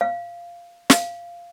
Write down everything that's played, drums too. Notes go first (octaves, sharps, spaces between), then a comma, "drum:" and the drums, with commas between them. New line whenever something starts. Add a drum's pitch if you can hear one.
F5
F5, drum: snare